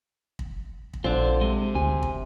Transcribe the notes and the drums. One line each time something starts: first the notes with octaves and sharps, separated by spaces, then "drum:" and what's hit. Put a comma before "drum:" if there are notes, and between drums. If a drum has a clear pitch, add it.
drum: kick
drum: kick
A#1 D3 C4 D4 F4
C3 G#3
D2 G#5
drum: kick